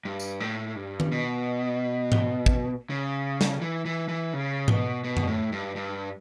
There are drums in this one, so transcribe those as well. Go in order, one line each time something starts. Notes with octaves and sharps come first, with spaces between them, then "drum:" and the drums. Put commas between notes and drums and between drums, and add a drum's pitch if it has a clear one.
G2
drum: tambourine
A2
G2
drum: tom D#3
B2
drum: tom G#2
drum: kick
C#3
drum: snare
E3
E3
E3
C#3
B2, drum: tom G#2
B2
drum: tom
A2
G2
G2